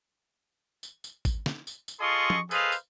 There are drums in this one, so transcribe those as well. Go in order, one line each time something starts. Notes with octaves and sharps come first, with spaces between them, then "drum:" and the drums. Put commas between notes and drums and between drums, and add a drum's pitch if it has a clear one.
drum: tambourine
drum: tambourine
drum: kick G#1, tambourine
drum: snare
drum: tambourine
drum: tambourine
F4 G#4 A4 D#5 C6 C#6
drum: tom F3
G#4 A4 B4 C5 D#5 F5, drum: tambourine
drum: tambourine